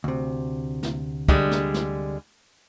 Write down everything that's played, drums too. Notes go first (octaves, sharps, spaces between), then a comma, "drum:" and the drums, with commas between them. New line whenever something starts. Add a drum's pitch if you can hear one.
D2 C3
drum: snare
D3 G3 G#3, drum: kick
drum: snare
drum: snare